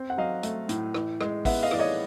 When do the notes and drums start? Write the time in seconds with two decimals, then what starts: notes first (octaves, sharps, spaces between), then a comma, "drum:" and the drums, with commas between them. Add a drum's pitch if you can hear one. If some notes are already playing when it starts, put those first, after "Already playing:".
Already playing: C4
0.10 F#5
0.18 F#3 D#5 F5
0.43 A3, drum: hi-hat
0.69 A2, drum: hi-hat
0.94 E3, drum: rim click
1.21 G#3, drum: rim click
1.45 B3 E5 F#5, drum: kick, open hi-hat
1.63 D#5 F5
1.71 E3 D5, drum: rim click
1.79 C#5 D#5